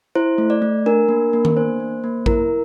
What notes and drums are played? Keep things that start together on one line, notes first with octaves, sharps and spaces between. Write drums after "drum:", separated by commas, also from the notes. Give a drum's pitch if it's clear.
E4 C5
A3
D5
A3
D4 A#4
A#3
A#3
drum: tom D#3
D4 C5
A#3
A#3
E4 A#4, drum: kick